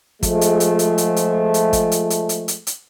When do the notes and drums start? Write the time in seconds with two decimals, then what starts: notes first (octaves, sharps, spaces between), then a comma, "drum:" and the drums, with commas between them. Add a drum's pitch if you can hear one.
0.23 F3 G#3 A3, drum: kick, hi-hat
0.41 drum: hi-hat
0.60 drum: hi-hat
0.79 drum: hi-hat
0.98 drum: hi-hat
1.16 drum: hi-hat
1.54 drum: hi-hat
1.73 drum: kick, hi-hat
1.92 drum: hi-hat
2.10 drum: hi-hat
2.29 drum: hi-hat
2.48 drum: hi-hat
2.67 drum: hi-hat